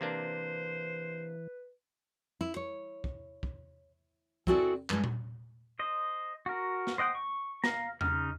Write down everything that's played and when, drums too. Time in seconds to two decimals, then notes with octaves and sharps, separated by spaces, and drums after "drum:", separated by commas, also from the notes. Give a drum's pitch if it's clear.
0.01 C3 E3 A#3 D4 B4 C5
2.41 E4
2.56 C#5
3.04 drum: kick
3.43 drum: kick
4.47 C4 E4 F#4 G#4 A4 D5, drum: kick
4.90 G2 G#3, drum: clap
5.04 drum: tom A#2
5.79 C5 D#5
6.46 F#4 A#4
6.87 drum: snare
6.98 C5 D#5 F#5 G5 D#6
7.15 C#6
7.64 F5 A#5, drum: snare
8.01 C#3 D#4 F6, drum: tom E2